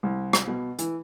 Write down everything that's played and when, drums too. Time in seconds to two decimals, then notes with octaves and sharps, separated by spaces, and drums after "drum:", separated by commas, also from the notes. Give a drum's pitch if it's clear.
0.03 C2
0.33 drum: rim click
0.47 B2
0.79 E3, drum: hi-hat